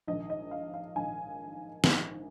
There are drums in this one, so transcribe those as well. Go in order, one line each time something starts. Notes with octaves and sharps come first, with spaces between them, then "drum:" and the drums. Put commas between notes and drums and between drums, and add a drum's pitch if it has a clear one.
A#1 G#2 D#3 D#5
D#5
F5
F5
A#1 G#2 D#3 G#5
A#1 G#2 D#3, drum: snare